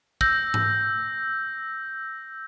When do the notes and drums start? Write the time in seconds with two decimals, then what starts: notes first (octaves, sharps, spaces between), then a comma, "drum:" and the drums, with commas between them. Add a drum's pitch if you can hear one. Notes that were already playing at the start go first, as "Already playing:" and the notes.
0.21 E6 G6 A#6, drum: kick
0.54 drum: tom G#2